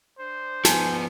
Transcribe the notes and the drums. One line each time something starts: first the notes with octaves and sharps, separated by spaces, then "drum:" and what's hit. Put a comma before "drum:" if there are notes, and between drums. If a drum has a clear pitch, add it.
D4 C5
F3 B3 D#4 G#5, drum: snare